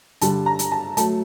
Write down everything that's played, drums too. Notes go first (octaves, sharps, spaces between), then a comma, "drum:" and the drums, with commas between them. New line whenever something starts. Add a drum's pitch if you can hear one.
G2 D3 G3 A5, drum: hi-hat
A#5
drum: hi-hat
A5
F#3 A3 A5, drum: hi-hat